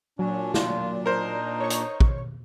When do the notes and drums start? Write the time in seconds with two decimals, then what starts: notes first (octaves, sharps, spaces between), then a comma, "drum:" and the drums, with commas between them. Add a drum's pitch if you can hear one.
0.19 A#2 F#3 C#4 D4
0.54 F4, drum: snare
1.06 D#4 A#4 C5
1.60 C#5 C#6
1.70 drum: hi-hat
2.00 drum: kick